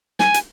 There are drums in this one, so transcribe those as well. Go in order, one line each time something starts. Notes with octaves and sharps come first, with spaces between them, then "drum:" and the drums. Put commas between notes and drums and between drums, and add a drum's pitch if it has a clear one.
G#5, drum: snare
drum: hi-hat